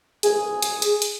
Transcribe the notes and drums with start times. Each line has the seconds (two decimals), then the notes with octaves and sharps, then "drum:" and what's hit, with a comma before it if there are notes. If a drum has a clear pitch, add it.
0.23 G#4, drum: hi-hat
0.62 drum: hi-hat
0.82 drum: hi-hat
1.02 drum: hi-hat